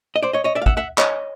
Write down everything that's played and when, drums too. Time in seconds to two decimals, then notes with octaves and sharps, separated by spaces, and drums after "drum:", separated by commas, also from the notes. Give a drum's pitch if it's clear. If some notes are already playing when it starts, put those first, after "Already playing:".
0.16 D#5
0.23 C5 D5
0.33 C#5 D#5
0.44 C#5 D#5
0.55 D5 E5
0.62 F5
0.66 E5 F#5, drum: kick
0.77 E5 F#5
0.98 C#5 D#5, drum: clap